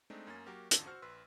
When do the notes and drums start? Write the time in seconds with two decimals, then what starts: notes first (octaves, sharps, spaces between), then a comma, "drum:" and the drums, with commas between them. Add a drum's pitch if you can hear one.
0.10 G#3 A3 C4 D4 D#4
0.27 F#2 A#3 C#4 G#5 A6
0.46 F#3 A#3 F#4 G4 A#4
0.71 G#1 E2 D3 F4 A5 E6, drum: hi-hat
0.86 F#4 C5 C#6 F6
1.02 A#1 B4 C6 E6